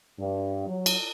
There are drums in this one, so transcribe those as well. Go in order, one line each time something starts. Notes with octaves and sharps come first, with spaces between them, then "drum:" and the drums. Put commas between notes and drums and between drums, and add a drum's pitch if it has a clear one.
G2
F#3
drum: cymbal